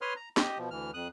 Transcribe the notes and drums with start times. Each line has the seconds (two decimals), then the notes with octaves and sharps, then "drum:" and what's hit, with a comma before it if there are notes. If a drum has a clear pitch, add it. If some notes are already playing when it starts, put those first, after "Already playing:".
0.02 B4 C#5 C6 D#6 F6
0.16 A#5
0.37 G4 D#5, drum: snare
0.58 B2 F3
0.71 D2 E3 F6
0.94 F2 D#6 F#6